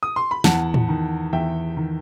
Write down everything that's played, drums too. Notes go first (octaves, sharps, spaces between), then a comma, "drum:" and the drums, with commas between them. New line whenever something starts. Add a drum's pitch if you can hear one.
D#6
C6
B5
E2 F#5 A5, drum: snare
drum: tom A2
D#3
E2 E5 G5
D#3